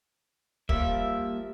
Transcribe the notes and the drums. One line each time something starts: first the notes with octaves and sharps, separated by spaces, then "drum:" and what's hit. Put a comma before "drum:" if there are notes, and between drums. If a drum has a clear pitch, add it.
F3 G3 A#3 E5, drum: kick